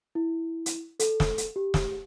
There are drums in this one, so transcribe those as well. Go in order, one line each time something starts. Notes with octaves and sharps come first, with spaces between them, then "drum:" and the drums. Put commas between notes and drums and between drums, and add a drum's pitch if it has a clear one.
E4
drum: hi-hat
A4, drum: hi-hat
drum: snare
drum: hi-hat
G4
drum: snare